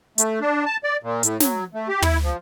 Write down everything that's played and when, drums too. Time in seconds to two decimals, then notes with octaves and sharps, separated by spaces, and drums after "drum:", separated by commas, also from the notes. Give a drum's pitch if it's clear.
0.18 A3, drum: hi-hat
0.41 D4
0.66 A5
0.84 D5
1.03 A#2
1.23 A2, drum: hi-hat
1.40 F#3, drum: snare
1.74 A3
1.89 G4
2.02 E4, drum: tom
2.23 F3